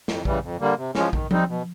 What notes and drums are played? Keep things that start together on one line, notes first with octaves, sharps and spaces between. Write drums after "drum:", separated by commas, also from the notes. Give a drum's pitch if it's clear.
F2, drum: snare
C#3 E3 G3, drum: kick A#1
F2
D3 G3 A#3
C3
F3 G#3 C#4, drum: snare
D#3, drum: kick A#1
G3 C4 D#4, drum: tom F3
B2